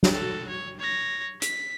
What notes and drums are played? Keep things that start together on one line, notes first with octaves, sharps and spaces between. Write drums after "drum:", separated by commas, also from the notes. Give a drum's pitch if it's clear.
drum: snare
F#4 A4
C#5
C#5 A#6
B6, drum: hi-hat